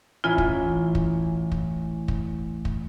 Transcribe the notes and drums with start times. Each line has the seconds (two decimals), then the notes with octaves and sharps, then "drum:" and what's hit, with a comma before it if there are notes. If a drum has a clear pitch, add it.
0.24 A1 E4 F4 G#5
0.38 drum: kick
0.95 drum: kick
1.52 drum: kick
2.08 drum: kick
2.65 drum: kick